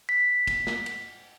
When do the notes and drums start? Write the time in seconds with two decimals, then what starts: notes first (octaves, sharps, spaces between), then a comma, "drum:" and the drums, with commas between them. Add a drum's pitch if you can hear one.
0.09 B6
0.47 drum: kick, cymbal
0.67 drum: snare
0.86 drum: cymbal